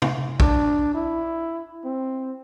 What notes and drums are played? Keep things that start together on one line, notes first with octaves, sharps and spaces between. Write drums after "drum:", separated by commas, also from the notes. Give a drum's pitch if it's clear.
drum: tom
D4, drum: kick A#1
E4
C4